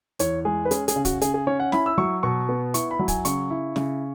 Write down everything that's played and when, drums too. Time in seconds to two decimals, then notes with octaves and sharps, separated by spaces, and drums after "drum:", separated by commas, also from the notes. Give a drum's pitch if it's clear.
0.19 E2 C#5, drum: hi-hat
0.45 G#3 G#4
0.65 B4
0.71 C#4 G#4, drum: hi-hat
0.88 G#4, drum: hi-hat
0.96 C#3
1.05 F#4, drum: kick, hi-hat
1.21 C#3 G#4, drum: hi-hat
1.34 G#4
1.47 C#4 C#5
1.60 F#5
1.72 E4 B5, drum: snare
1.86 E6
1.98 F#3 C#6
2.23 B2 C#6
2.49 B3
2.74 E4 C#6, drum: hi-hat
2.91 B5
2.99 F#3
3.08 G#5, drum: kick, hi-hat
3.25 C#3 C#6, drum: hi-hat
3.50 E4
3.76 C#3, drum: snare